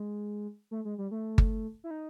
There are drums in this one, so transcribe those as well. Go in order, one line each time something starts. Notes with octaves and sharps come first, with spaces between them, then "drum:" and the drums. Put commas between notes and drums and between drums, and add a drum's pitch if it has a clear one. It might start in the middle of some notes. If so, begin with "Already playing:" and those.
Already playing: G#3
A3
G#3
G3
A3
drum: kick G1
E4
D#4